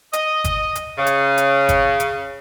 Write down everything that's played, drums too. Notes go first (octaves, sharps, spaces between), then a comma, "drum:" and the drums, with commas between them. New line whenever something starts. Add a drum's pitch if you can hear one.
D#5, drum: hi-hat
drum: kick G1, hi-hat
drum: hi-hat
C#3
drum: hi-hat
drum: hi-hat
drum: kick G1, hi-hat
drum: hi-hat